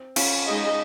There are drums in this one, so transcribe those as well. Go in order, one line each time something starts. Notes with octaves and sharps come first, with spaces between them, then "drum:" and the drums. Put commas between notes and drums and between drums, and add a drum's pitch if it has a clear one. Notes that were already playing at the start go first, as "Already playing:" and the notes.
Already playing: C4
C#4 F4, drum: cymbal
G#3 D#4 G#4 D#5